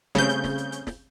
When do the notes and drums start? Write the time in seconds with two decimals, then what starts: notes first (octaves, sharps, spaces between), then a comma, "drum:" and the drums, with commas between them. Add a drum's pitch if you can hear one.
0.15 C#3 G3 A3 C4 G6, drum: snare
0.29 drum: hi-hat
0.44 drum: snare
0.58 drum: hi-hat
0.72 drum: hi-hat
0.87 drum: snare